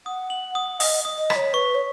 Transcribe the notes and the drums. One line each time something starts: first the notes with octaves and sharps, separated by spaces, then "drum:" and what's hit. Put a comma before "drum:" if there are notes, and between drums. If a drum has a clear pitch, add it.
F#5 D#6
F#7
D#6
D#5 D#6, drum: open hi-hat
D#6
D#5
B6, drum: rim click
C#5
B4 C#6
C#5